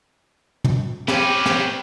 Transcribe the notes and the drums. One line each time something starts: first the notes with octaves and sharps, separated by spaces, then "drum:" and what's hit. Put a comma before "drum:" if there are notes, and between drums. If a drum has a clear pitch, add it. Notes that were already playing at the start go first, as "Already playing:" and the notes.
drum: tom
C#4 G4 B4, drum: snare
drum: snare